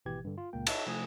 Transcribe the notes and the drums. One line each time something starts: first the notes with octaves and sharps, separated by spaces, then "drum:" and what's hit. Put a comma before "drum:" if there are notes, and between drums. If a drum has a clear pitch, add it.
G#1 B2 E3 G4 G#6
G2 D3
F4
C#2 A#2 A#3 G5
C#5 D#5 E5 A5, drum: cymbal
C3 F3 A3 G#5 D#6